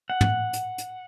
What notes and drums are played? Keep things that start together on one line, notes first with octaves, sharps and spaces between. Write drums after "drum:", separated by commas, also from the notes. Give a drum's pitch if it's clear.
F#5
drum: tom
drum: hi-hat
drum: hi-hat